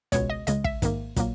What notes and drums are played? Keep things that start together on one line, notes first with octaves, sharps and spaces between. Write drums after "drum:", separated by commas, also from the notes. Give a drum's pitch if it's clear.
C#2 B2 G#3 C#5, drum: kick, hi-hat
D#5
C#2 C#3 G#3 D#5, drum: hi-hat
E5, drum: kick
G#2 D#3 A#3, drum: kick, hi-hat
A#2 F#3 A#3, drum: kick, hi-hat